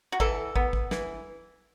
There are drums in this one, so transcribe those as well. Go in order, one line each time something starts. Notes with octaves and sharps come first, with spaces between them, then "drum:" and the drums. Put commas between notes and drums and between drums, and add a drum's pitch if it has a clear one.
F#4
E3 A4, drum: kick
B3, drum: kick
drum: kick
E3, drum: snare